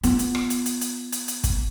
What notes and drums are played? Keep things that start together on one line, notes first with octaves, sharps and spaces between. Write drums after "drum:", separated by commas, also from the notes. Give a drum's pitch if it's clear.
B3 F4, drum: hi-hat
drum: hi-hat
drum: rim click
drum: hi-hat
drum: hi-hat
drum: hi-hat
drum: hi-hat
drum: hi-hat
drum: kick, hi-hat